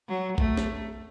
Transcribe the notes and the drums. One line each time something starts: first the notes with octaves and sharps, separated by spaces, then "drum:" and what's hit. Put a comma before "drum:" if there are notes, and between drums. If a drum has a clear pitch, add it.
F#3
A3, drum: kick A#1
drum: snare